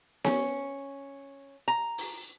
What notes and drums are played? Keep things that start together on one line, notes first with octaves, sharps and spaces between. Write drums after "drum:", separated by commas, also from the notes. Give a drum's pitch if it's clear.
C#4, drum: snare B3
A#5
drum: open hi-hat